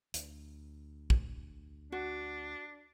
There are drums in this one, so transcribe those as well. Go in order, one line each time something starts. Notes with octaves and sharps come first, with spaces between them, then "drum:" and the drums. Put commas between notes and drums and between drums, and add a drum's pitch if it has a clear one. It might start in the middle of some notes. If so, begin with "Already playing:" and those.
D2, drum: hi-hat
drum: kick
D4 F#4